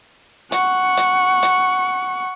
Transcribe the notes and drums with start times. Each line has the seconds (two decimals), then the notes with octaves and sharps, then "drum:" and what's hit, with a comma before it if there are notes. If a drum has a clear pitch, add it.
0.52 F#5 C#6, drum: hi-hat
0.97 drum: hi-hat
1.43 drum: hi-hat